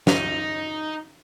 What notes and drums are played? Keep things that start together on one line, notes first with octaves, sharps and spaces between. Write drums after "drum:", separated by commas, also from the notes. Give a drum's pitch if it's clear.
D#4, drum: snare